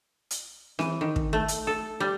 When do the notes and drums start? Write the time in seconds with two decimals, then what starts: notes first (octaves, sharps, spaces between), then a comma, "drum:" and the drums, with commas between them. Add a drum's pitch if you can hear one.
0.31 drum: hi-hat
0.79 E3, drum: snare C4
1.01 D#3
1.16 drum: kick
1.33 A3
1.48 drum: hi-hat
1.67 A4
2.00 G3